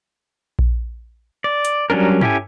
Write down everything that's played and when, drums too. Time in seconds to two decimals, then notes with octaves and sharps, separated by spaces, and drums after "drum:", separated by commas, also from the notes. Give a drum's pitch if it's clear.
0.59 drum: kick A#1
1.44 D5
1.65 drum: hi-hat
1.90 F#3 G3 C#4 D4 A#4
2.21 C#4 E4 G4 A4 G#5, drum: tom